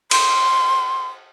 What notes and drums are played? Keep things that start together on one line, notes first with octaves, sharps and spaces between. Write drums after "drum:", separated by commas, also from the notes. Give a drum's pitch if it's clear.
C6, drum: cymbal